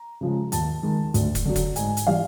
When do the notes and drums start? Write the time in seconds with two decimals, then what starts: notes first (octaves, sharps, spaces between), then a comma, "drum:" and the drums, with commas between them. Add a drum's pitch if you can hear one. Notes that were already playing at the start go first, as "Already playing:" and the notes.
Already playing: A#5
0.21 C#3 F3 G#3
0.52 D#2 A5, drum: hi-hat
0.83 D#3 G#3
1.14 D2, drum: hi-hat
1.35 drum: kick, hi-hat
1.46 D3 F#3
1.55 drum: kick, hi-hat
1.76 G#2 G#5, drum: hi-hat
1.97 drum: hi-hat
2.07 E3 G3 F5